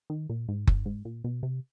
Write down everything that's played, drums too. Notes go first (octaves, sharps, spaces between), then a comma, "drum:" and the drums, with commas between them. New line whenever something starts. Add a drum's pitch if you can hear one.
D#3
A#2
G#2
G2, drum: kick F#1
G#2
A#2
B2
C3